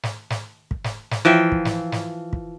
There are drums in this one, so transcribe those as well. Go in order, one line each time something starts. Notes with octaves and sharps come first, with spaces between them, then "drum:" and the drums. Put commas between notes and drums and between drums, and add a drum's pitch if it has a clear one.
drum: snare
drum: snare
drum: kick
drum: snare
drum: snare
E3 F3 E5 G5
drum: kick
drum: snare
drum: snare
drum: kick